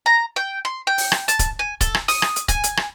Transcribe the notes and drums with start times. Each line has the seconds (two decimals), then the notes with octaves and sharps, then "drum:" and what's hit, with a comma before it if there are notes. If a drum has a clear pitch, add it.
0.06 A#5
0.36 G5
0.65 C6
0.87 G5
0.98 drum: open hi-hat
1.12 drum: rim click
1.28 A5, drum: hi-hat
1.39 drum: kick D1, hi-hat
1.59 G#5
1.81 A4, drum: kick D1, hi-hat
1.94 drum: rim click
2.08 D#6, drum: open hi-hat
2.22 drum: rim click
2.36 drum: hi-hat
2.48 G#5, drum: kick D1, hi-hat
2.64 drum: hi-hat
2.77 drum: rim click